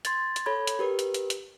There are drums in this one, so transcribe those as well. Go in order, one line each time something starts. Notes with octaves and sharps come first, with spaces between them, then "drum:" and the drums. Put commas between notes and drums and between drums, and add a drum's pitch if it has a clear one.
C6 G#6 A6, drum: hi-hat
drum: hi-hat
A4 C#5 B5 G#6
drum: hi-hat
G4 A#4 B4
drum: hi-hat
drum: hi-hat
drum: hi-hat